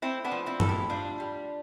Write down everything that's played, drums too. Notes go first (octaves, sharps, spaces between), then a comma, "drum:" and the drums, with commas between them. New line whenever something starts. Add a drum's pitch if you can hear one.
A3 C4 E4
B3 D4
F3
C4 E4
A2 A4, drum: tom
E4 G4
G3 D4 F4
G3